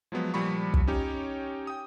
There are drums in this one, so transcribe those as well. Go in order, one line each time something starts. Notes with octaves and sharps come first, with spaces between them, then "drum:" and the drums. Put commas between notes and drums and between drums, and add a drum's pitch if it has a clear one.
F3 F#3 G#3 B3
A#2 F3 G3 B5 C#6
drum: kick
C#4 D#4 G4 C#5
G5 D#6